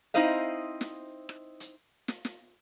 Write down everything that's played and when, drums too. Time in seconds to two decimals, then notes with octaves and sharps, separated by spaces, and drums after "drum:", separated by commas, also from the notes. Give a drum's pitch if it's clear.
0.14 C4 D#4 E4 C5 D#5 F5
0.81 drum: snare
1.29 drum: rim click
1.60 drum: hi-hat
2.08 drum: snare
2.25 drum: snare